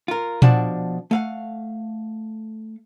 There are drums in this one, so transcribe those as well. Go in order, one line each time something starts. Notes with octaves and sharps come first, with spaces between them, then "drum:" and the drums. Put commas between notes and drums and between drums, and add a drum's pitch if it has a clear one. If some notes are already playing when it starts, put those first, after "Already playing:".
F4 A#4
B2 F3 D4 D5 F#5 A5, drum: tom A#2
A3 F5 F#5